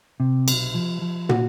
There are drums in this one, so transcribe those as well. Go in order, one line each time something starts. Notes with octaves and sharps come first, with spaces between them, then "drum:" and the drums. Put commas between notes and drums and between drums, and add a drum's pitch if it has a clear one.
C3
B1, drum: cymbal
F3
F3
A#2 F#4, drum: tom